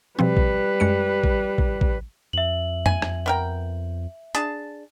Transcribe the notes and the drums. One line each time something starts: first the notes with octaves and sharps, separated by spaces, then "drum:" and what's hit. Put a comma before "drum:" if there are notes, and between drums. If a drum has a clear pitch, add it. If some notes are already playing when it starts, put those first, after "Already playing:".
B2 F3 G3 C4 B4
drum: kick
F#2 G#3 C#7
drum: kick
drum: kick
drum: kick
F2 E5 F#7
G#5, drum: tom F#2
drum: rim click
B3 A#4 G5
D4 G#4 A5, drum: hi-hat